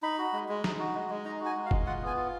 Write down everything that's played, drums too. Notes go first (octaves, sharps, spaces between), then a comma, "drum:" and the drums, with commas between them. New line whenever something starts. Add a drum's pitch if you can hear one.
D#4 B5
F#4
G#3
G#3
D#4, drum: snare
F#4
G#3
G#3
D#4 A#5
F#4
G#5
G#3
F5
G#3, drum: kick F1
F4 F#5
B3 G#5
F4